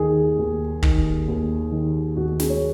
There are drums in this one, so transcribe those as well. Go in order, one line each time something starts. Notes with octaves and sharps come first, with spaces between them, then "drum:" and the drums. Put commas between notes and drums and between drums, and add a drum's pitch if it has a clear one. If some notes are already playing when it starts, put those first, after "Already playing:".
Already playing: D#2 D#3 G#4
D#2
D#3, drum: kick
D#2
D#3
D#2 F#4
G#4, drum: snare
C#5